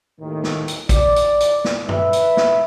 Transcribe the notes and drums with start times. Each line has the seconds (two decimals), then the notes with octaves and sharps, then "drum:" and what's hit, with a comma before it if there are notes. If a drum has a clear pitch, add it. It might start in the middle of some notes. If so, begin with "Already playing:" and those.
0.20 D#2 A2 D#3
0.44 drum: snare
0.68 drum: hi-hat
0.89 D5, drum: kick, hi-hat
1.16 drum: hi-hat
1.40 drum: hi-hat
1.65 drum: snare
1.89 B4 E5, drum: tom F#2
2.13 drum: hi-hat
2.37 drum: snare